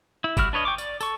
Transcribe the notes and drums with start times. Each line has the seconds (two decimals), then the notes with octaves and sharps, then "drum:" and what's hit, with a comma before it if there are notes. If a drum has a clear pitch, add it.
0.24 E4
0.37 G3 E4 F#4 F6, drum: kick, tambourine
0.53 D4 B4 C#5 D#5
0.65 G5 C#6 D6
0.78 D5, drum: tambourine
1.01 A4 C#6, drum: tambourine